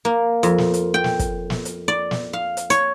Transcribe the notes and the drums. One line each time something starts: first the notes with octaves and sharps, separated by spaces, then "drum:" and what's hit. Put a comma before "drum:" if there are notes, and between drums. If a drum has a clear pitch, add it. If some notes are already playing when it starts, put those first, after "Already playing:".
A#3
F2, drum: hi-hat
drum: snare
drum: hi-hat
G5
drum: snare
drum: kick, hi-hat
drum: snare
drum: hi-hat
D5
drum: snare
F5
drum: hi-hat
C#5, drum: hi-hat